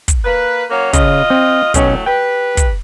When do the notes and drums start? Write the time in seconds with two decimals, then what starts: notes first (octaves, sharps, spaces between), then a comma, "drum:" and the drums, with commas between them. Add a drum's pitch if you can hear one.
0.08 drum: kick, hi-hat
0.25 A#3 B4
0.71 F#3 A#3 C#4
0.93 C#3 F4 D#5, drum: kick, hi-hat
1.30 C4
1.74 B1 A2 F#3 A3 C#4 D#5, drum: kick, hi-hat
2.06 G4 B4 G5
2.57 drum: kick, hi-hat